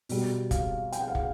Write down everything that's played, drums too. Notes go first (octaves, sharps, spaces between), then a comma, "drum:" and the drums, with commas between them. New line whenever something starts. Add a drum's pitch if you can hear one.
B2 G3, drum: open hi-hat
F5, drum: kick, hi-hat
G5, drum: hi-hat
F#5
F5
F#5, drum: kick